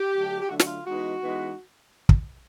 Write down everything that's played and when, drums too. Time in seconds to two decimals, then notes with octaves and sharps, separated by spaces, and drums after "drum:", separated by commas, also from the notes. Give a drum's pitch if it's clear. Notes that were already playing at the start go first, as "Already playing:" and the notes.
Already playing: G4
0.13 D3 F#3 A3 D4
0.40 G4
0.49 D3 F#3 A3 D4 F#4
0.60 F#4, drum: snare
0.67 F4
0.85 E3 G#3 B3 D#4 F#4
1.21 E3 G#3 B3 D#4
2.09 drum: kick